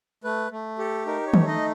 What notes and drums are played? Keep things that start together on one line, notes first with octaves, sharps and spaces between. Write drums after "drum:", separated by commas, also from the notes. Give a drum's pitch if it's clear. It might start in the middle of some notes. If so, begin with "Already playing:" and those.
A3 B4
A3
G4 A4
D#4 A#4
C#5
A3, drum: tom D#3
D#5